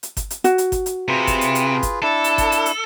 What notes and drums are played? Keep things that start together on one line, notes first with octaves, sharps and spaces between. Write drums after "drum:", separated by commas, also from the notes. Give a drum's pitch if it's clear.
drum: hi-hat
drum: kick G1, hi-hat
drum: hi-hat
F#4, drum: hi-hat
drum: hi-hat
drum: kick G1, hi-hat
drum: hi-hat
C3 F4 G#4 B4
drum: kick G1, hi-hat
drum: hi-hat
drum: hi-hat
drum: kick G1, hi-hat
D4 E4 A4
drum: hi-hat
drum: kick G1, hi-hat
drum: hi-hat
drum: hi-hat